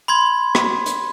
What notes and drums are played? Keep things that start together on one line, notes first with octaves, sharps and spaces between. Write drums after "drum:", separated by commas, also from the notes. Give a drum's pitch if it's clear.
B5 C6 G#6
drum: rim click
drum: hi-hat